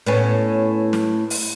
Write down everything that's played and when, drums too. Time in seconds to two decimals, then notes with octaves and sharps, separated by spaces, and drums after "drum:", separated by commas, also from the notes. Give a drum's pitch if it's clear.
0.06 A2 B3 C#4
0.93 drum: snare
1.30 drum: open hi-hat